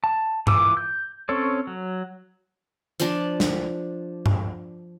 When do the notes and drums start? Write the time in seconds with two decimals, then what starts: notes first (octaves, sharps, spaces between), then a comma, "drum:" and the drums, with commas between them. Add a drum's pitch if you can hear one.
0.04 A5
0.47 E3 F4 B4 D6 E6, drum: tom G2
0.77 G6
1.29 C4 C#4 A4 C#5
1.67 F#3
3.00 F3 D4, drum: hi-hat
3.40 drum: snare
4.26 drum: tom G2